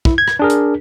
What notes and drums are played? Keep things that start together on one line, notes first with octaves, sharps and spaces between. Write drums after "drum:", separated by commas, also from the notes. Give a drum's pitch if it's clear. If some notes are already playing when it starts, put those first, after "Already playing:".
E4, drum: kick
G#6
drum: rim click
D4 G#4 A#4
drum: hi-hat